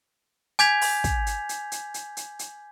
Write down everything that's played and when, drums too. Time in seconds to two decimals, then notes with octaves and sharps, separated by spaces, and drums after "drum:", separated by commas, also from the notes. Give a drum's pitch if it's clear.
0.59 G#5 D6 G6 G#6 B6 F7, drum: hi-hat
0.81 drum: open hi-hat
1.04 drum: kick, hi-hat
1.27 drum: hi-hat
1.49 drum: hi-hat
1.72 drum: hi-hat
1.94 drum: hi-hat
2.17 drum: hi-hat
2.39 drum: hi-hat